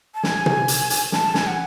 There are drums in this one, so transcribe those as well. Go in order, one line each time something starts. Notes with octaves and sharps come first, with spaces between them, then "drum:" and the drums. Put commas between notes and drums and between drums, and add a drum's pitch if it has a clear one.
A5
G#5, drum: snare
drum: tom
drum: hi-hat
drum: hi-hat
A5, drum: snare
G#5, drum: snare
F#5